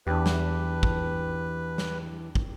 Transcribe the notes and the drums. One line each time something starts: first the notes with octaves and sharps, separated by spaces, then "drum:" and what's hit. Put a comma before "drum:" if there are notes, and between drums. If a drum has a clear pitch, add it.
E2 E3 D4 G4 B4
drum: snare
drum: kick
drum: snare
drum: kick